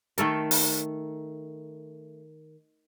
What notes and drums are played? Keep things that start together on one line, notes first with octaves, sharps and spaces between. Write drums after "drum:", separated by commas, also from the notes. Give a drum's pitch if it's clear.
D#3 A3 A4 A#4, drum: hi-hat
drum: open hi-hat